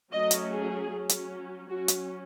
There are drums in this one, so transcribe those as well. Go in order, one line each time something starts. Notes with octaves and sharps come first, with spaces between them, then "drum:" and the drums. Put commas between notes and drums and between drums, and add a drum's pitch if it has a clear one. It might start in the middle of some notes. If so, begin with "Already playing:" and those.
F#3 A3 C#4 D#5
drum: hi-hat
G#4
F#3 C#4
drum: hi-hat
F#3 C#4 F#4
drum: hi-hat